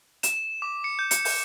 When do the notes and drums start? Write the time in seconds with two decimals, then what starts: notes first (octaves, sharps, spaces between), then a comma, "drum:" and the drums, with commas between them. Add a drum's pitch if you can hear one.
0.23 E7, drum: hi-hat
0.36 E7
0.62 D6
0.84 C#7
0.99 G6
1.11 C#7, drum: hi-hat
1.25 G6, drum: open hi-hat